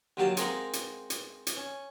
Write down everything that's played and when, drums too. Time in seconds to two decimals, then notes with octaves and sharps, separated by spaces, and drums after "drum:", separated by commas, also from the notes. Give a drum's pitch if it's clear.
0.17 D#2 D3 F#3 G4 F5 A5
0.37 G#3 C4 D#4 A#4 F5 F#5, drum: hi-hat
0.73 drum: hi-hat
1.10 drum: hi-hat
1.47 drum: hi-hat
1.57 C#4